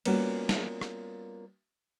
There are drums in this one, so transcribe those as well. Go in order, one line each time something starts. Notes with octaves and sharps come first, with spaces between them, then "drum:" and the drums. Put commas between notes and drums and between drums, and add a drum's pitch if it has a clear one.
G3 A#3 B3 C#4 F4 F#4, drum: cymbal
drum: snare
drum: rim click